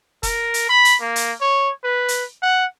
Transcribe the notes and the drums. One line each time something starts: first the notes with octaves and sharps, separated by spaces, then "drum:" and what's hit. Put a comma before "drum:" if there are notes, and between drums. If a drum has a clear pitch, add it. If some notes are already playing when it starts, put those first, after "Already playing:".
A#4, drum: kick F1, hi-hat
drum: hi-hat
B5
drum: hi-hat
A#3
drum: hi-hat
C#5
B4
drum: hi-hat
F#5